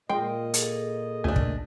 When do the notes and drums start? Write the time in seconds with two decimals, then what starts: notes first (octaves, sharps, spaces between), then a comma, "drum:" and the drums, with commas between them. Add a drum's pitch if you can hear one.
0.09 A#2 G#3 F4 D#5 G5 C6
0.54 G#4 A4, drum: hi-hat
1.24 D2 A3 D4 G#5
1.36 drum: kick